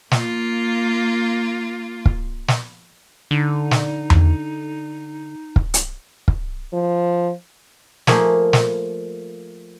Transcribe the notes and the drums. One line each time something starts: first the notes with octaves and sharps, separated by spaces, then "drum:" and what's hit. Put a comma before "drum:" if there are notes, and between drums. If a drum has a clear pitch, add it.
A#3 F4, drum: snare
drum: kick
drum: snare
D3 D#4
drum: snare
drum: tom E2
drum: kick
drum: hi-hat
drum: kick
F3
F3 A3 A#3 G#4, drum: snare
drum: snare